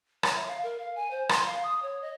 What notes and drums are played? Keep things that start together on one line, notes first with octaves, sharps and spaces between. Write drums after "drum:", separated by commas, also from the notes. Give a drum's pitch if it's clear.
C#5, drum: rim click
E5
F5
A#4
F5
G#5
C5
C6, drum: rim click
F5
D#6
C#5
D#5